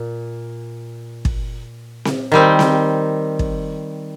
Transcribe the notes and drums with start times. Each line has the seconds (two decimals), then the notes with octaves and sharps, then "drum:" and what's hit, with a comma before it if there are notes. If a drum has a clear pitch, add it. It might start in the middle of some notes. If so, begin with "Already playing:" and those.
Already playing: A#2
1.25 drum: kick
2.05 drum: snare C4
2.32 D#3 G3 C4
2.59 drum: snare C4
3.39 drum: kick